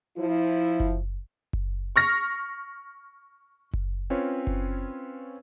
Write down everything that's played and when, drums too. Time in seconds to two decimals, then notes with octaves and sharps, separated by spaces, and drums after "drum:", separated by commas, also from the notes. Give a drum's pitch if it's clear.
0.17 F3 E4
0.80 drum: kick F#1
1.53 drum: kick F#1
1.96 C#6 F6 A#6
3.73 drum: kick F#1
4.10 C4 C#4 F4 B4 C#5
4.47 drum: kick F#1